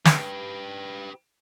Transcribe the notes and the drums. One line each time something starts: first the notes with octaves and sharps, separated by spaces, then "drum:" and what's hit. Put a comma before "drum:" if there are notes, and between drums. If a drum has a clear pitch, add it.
G4 B4, drum: snare